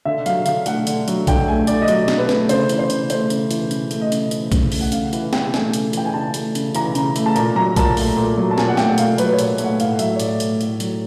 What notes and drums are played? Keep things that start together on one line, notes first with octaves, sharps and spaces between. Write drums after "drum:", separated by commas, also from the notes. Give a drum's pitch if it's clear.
D3 E5
F#3 F5, drum: hi-hat
D3 F5, drum: hi-hat
A3 F#5, drum: hi-hat
D3, drum: hi-hat
F#3, drum: hi-hat
D3 G5, drum: kick B1, hi-hat
A3 G#5
D3 D5, drum: hi-hat
D#5
F#3 D5, drum: hi-hat
D3, drum: snare
B4
A3, drum: snare
C#3 C5, drum: hi-hat
E3, drum: hi-hat
C5
C#3, drum: hi-hat
A3 C5, drum: hi-hat
C#3, drum: hi-hat
E3, drum: hi-hat
C#3, drum: hi-hat
A3, drum: hi-hat
D#5
C#3, drum: hi-hat
E3, drum: hi-hat
C#3, drum: kick B1, hi-hat
A3, drum: open hi-hat
F#5
C#3 F5, drum: hi-hat
E3 F#5, drum: hi-hat
C#3 G5, drum: snare
A3 G#5, drum: snare
C#3, drum: hi-hat
E3 G5, drum: hi-hat
G#5
C#3 A5
A3, drum: hi-hat
C#3, drum: hi-hat
E3 A#5, drum: hi-hat
C#3, drum: hi-hat
A3, drum: hi-hat
A5
A#2 A#5, drum: hi-hat
F#3 A#5
A#2 A5, drum: kick B1, hi-hat
A3, drum: open hi-hat
A#2
F#3
A5
A#2 G#5, drum: snare
F#5
A3 G5, drum: snare
A#2 F5, drum: hi-hat
F#3 B4, drum: hi-hat
C#5
A#2, drum: hi-hat
A3, drum: hi-hat
F#5
A2 F5, drum: hi-hat
F#3 E5, drum: hi-hat
C#5
A2 D5, drum: hi-hat
A3, drum: hi-hat
A2, drum: hi-hat
F#3, drum: hi-hat